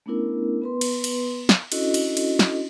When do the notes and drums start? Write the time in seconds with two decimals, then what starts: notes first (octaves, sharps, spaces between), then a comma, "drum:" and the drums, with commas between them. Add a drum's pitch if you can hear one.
0.06 A3 B3 C#4 D4 E4 A#4
0.62 B3 B4 C6
0.81 drum: cymbal
1.04 drum: cymbal
1.49 drum: snare
1.72 C#4 D4 E4 F#4 A4 D#5, drum: cymbal
1.94 drum: cymbal
2.17 drum: cymbal
2.39 drum: snare